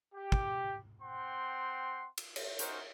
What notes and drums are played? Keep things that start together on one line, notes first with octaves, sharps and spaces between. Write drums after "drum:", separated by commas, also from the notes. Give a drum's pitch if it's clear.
G4
drum: kick
C4 F#5 G5 C6
drum: cymbal
drum: cymbal
C#4 D#4 F#4 A#4 C5, drum: hi-hat